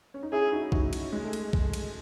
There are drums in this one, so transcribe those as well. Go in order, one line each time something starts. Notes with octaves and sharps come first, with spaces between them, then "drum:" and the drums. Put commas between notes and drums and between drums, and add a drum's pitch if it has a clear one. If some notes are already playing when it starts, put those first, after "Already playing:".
C#4
D#4
C#4 E4 G#4
D#4 F#4
D#4 F#4, drum: kick
drum: cymbal
G#3
A3
drum: cymbal
drum: kick
drum: cymbal